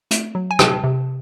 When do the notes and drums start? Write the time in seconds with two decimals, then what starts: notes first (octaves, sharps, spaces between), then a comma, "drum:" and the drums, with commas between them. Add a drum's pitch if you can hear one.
0.11 A3, drum: hi-hat
0.35 F#3
0.51 G#5
0.59 C3 G5 A5, drum: rim click
0.84 C3